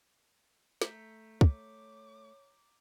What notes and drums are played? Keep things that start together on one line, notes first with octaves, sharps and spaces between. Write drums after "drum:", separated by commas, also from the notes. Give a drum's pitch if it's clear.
A3 A#5 G6 B6, drum: snare
C#5 D6, drum: kick